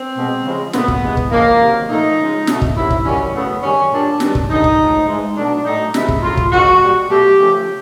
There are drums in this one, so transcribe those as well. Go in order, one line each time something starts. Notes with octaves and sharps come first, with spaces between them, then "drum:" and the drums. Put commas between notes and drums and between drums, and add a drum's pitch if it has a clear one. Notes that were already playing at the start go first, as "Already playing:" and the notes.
Already playing: C4
B2 G#3
C#3 F3 G#3
A#2 F#3 A3 B3, drum: snare
drum: kick
G2 E3 G#3
drum: kick
C#3 F3 G#3 A#3
C3 D#3 F#3
A#2 F3 A3 D#4
C#3 F3 G#3
B2 F#3 A3, drum: snare
drum: kick
C3 D#3 F#3 E4
drum: kick
F#2 D#3 G3 C#4
F#2 C#3 F#3 A3 B3
F#2 D#3 G3 C#4
A#2 G3 D4
G2 D#3 F#3, drum: snare
drum: kick
F#2 D3 G3 D#4
drum: kick
A2 F3 G#3
G#2 E3 G#3
B2 F#3 A3 D4
A2 F#3 A3 D#4
C3 D#3 G#3 E4, drum: snare
drum: kick
C#3 F#3 A3 F4
drum: kick
F#2 D#3 G#3 F#4
A#2 G3
B2 F#3 A3 G4
C#3 F3 A3